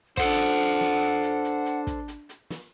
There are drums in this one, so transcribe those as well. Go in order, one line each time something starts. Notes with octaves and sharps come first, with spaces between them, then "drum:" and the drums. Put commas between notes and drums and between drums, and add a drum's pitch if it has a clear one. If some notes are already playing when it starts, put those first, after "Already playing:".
D4 A4 C5 F#5, drum: kick, hi-hat
drum: hi-hat
drum: snare
drum: hi-hat
drum: hi-hat
drum: hi-hat
drum: hi-hat
drum: kick, hi-hat
drum: hi-hat
drum: hi-hat
drum: snare